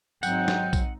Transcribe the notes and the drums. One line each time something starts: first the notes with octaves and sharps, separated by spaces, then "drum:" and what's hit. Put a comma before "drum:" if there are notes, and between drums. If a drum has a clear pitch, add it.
G#1 F#3 C4 D#4 F#5 G5, drum: tambourine
drum: snare
drum: kick, tambourine